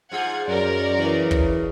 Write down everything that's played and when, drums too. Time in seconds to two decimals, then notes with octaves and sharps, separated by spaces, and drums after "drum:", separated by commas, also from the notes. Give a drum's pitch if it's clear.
0.12 G#2 F4 G#4 F#5 G#6
0.48 F#2 A#4 C#5 D5
0.98 C#3 E3
1.31 drum: kick